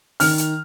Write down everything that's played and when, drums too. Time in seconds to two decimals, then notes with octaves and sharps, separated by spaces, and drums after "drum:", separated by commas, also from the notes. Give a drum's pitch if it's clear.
0.20 D#3 F6, drum: open hi-hat
0.38 drum: hi-hat